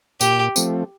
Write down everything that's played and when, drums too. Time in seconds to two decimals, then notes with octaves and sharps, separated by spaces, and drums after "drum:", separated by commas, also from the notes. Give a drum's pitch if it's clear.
0.21 A#2 G4, drum: tambourine
0.56 F3 A3 C4, drum: tambourine